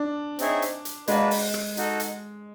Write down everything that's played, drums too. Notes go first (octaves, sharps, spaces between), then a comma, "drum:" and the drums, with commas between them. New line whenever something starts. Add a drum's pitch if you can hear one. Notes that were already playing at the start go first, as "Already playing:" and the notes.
Already playing: D4
C4 D#4 G#4 C#5 E5, drum: hi-hat
drum: hi-hat
drum: hi-hat
G#3 A#3 D4 F#4 B4, drum: hi-hat
drum: open hi-hat
drum: rim click
D#4 F#4 A4, drum: hi-hat
drum: hi-hat